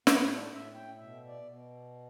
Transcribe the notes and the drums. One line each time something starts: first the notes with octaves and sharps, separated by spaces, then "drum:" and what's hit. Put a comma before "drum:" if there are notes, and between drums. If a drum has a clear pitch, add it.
A2 B3, drum: snare
D4
A2 E5
G5
B2 E5
D5
B2